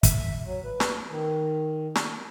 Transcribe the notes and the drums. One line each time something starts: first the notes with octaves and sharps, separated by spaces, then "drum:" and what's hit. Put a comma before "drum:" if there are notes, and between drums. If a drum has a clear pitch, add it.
E5, drum: kick, hi-hat
F#3
B4
drum: snare
D#3
drum: snare